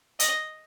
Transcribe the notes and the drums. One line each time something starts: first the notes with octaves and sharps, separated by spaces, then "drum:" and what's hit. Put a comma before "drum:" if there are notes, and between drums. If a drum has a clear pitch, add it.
D#5, drum: hi-hat